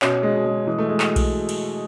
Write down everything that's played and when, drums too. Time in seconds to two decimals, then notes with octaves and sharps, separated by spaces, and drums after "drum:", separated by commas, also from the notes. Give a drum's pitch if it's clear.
0.02 B2 C#4, drum: clap
0.23 G#3
0.35 B2
0.45 G#3
0.67 E3 G#3
0.78 A3
0.89 G#3
1.00 drum: clap
1.16 drum: kick B1, cymbal
1.49 drum: cymbal